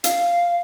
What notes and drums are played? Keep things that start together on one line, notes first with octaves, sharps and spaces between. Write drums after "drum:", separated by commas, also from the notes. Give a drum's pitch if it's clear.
F5, drum: hi-hat